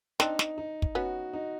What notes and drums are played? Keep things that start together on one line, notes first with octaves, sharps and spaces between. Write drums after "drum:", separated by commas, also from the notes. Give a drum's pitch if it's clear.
C4 D4 D#4, drum: snare
drum: snare
D#4
drum: kick
B3 C#4 F#4
D#4